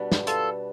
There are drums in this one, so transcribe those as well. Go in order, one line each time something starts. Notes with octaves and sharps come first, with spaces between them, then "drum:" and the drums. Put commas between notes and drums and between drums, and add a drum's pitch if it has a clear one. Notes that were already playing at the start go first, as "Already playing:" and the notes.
Already playing: B2 G3 B3 D4
drum: snare
F4 A4, drum: hi-hat